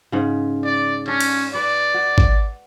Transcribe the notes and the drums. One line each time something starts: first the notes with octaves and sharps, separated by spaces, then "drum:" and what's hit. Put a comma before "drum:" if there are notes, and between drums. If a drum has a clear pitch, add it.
G#2 C#3
D5
C#4 D4
drum: cymbal
B4 D5
F#4
drum: kick G#1